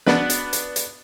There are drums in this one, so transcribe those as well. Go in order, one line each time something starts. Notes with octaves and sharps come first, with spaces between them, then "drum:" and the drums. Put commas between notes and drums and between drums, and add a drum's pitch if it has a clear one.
B3 D4 F#4 B4, drum: snare
drum: hi-hat
drum: hi-hat
drum: hi-hat